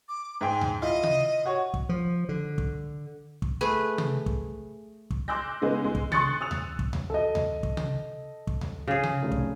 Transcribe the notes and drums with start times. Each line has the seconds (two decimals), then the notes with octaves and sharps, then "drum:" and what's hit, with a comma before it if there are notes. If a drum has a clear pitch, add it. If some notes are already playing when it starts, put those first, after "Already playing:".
0.08 D6
0.41 G#2 G#3 G5 G#5
0.61 drum: tom D2
0.82 E4 F4 D#5
1.03 drum: tom C3
1.46 F#4 C#5
1.74 drum: kick
1.89 F3
2.29 D3
2.58 drum: kick
3.42 drum: kick
3.61 A3 G#4 B4
3.98 drum: tom C3
4.26 drum: kick
5.10 drum: kick
5.28 C6 D6 E6 F#6 G6 A#6
5.62 C#3 G#3 B3 D#4
5.84 G#3
5.95 drum: kick
6.12 C6 C#6 D#6 F#6 A6 C#7, drum: tom C3
6.41 D#6 E6 F7
6.51 drum: tom D2
6.79 drum: kick
6.93 drum: tom D2
7.10 A4 D#5
7.35 drum: tom D2
7.63 drum: kick
7.77 drum: tom C3
8.47 drum: kick
8.61 drum: tom D2
8.88 C#3 G#4
9.03 drum: tom C3
9.22 F1
9.32 drum: kick